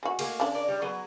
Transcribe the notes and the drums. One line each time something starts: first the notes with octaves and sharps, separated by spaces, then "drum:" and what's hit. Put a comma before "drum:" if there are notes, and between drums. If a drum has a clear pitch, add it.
G#3 F#4
A3 A#3 G#4, drum: cymbal
C#3 D4
A#4 D5
G3
F#3 B3 G#4